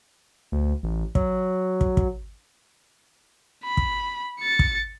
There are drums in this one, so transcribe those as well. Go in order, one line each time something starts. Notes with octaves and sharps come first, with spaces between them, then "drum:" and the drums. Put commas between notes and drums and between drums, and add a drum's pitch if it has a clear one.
D2
A1
F#3, drum: kick
drum: kick
drum: kick
B5
drum: kick
A6 C#7
drum: kick